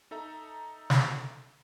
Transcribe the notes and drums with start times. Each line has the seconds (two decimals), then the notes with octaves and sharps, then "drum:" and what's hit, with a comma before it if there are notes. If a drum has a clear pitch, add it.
0.11 D#4 A4 E5 A#5
0.90 drum: snare